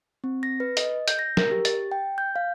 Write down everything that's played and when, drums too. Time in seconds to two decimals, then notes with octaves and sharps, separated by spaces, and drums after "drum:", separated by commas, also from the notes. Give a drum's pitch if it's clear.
0.24 C4
0.43 A#6
0.60 B4
0.77 D#5, drum: hi-hat
1.08 G6, drum: hi-hat
1.19 A#6
1.37 A#4, drum: snare
1.51 G4
1.65 A6, drum: hi-hat
1.92 G5
2.18 G6
2.36 F5